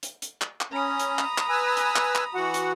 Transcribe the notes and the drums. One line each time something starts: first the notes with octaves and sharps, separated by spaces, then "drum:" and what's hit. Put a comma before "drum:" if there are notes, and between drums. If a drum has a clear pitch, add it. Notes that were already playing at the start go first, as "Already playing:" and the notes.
drum: hi-hat
drum: hi-hat
drum: clap
drum: clap
C#4 A#5 B5 D#6
drum: hi-hat
drum: clap
drum: clap
B4 G#5 E6
drum: hi-hat
drum: clap
drum: clap
E3 F#4 F#5
drum: hi-hat